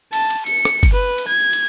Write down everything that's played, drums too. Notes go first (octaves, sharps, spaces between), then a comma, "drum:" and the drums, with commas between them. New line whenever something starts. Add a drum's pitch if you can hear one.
A5, drum: cymbal
drum: cymbal
C#7, drum: cymbal
drum: rim click
drum: kick F#1, cymbal
B4
drum: cymbal
G#6
drum: cymbal